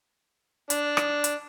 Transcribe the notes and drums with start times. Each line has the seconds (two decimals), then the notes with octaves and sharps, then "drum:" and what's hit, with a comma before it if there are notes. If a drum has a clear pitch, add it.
0.70 D4, drum: hi-hat
0.97 drum: rim click
1.24 drum: hi-hat